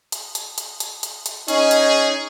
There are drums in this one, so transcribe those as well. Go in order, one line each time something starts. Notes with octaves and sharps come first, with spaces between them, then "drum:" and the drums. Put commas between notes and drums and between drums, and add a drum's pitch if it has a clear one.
drum: hi-hat
drum: hi-hat
drum: hi-hat
drum: hi-hat
drum: hi-hat
drum: hi-hat
C#4 D#4 G#4, drum: hi-hat
drum: hi-hat